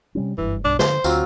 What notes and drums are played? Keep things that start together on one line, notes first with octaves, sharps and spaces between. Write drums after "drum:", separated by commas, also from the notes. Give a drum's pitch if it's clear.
C3 G3 C#4
F#1 G2 E3
B1 G2 D4
D3 C5, drum: snare
D2 F#3 C4 F4, drum: tambourine